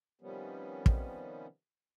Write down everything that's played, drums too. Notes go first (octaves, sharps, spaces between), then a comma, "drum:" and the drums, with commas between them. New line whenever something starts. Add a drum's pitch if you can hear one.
C3 D#3 F3 G3 B3 C#4
drum: kick